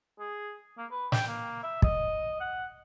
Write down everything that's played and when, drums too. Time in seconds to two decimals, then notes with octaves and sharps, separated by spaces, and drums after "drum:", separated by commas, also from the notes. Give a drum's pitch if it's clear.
0.19 G#4
0.77 A#3
0.91 B4
1.12 G5, drum: snare
1.28 A#3
1.63 E5
1.82 D#5, drum: kick
2.40 F#5